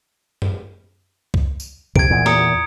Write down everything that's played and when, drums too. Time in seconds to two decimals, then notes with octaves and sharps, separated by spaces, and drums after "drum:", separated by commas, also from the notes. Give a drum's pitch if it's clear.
0.42 drum: tom F#2
1.34 drum: kick C2
1.60 drum: tambourine
1.96 C3 G#6 D7, drum: kick C2
2.10 E2 A#2
2.26 A#5 D#6 C#7, drum: snare